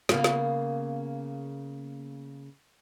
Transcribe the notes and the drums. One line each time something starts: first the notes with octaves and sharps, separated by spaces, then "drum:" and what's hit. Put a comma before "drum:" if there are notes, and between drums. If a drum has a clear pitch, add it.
C#3 A#3 B3, drum: snare
drum: snare